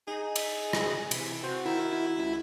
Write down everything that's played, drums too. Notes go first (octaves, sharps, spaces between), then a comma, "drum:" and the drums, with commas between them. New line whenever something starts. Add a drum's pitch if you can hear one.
D#4 G#4
drum: cymbal
drum: rim click
C3 E3, drum: cymbal
C4 F#4
D#3 E4
C#2